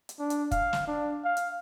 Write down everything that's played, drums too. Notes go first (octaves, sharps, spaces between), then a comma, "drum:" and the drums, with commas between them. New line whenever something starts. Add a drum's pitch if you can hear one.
drum: hi-hat
D4
drum: hi-hat
F5, drum: kick, hi-hat
drum: snare
D4
F5
drum: hi-hat